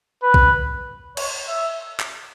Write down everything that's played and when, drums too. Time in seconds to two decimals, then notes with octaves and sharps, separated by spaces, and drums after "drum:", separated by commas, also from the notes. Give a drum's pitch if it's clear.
0.23 B4
0.34 drum: kick B1
1.17 C#5, drum: cymbal
1.48 E5
2.00 drum: clap